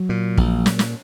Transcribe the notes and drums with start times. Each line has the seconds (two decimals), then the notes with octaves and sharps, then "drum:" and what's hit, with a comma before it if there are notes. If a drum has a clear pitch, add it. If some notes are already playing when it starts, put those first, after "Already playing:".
Already playing: F#3
0.09 A#2
0.37 A#1, drum: kick
0.66 A#2, drum: snare
0.79 drum: snare